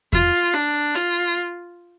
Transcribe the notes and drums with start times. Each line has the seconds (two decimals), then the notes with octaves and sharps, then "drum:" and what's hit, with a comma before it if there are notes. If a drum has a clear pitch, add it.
0.13 F4, drum: kick E2
0.54 D4
0.95 F4, drum: hi-hat